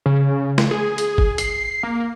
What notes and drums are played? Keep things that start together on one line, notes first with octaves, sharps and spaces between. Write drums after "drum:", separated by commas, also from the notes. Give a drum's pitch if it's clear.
C#3
drum: snare
G#4
drum: hi-hat
drum: kick G1
C7, drum: hi-hat
A#3